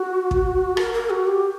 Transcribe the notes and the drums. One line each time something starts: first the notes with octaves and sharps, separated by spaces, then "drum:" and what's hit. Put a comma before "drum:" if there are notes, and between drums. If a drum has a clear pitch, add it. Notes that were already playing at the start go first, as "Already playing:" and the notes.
Already playing: F#4
drum: kick
A#4, drum: rim click
A#4
F#4
G4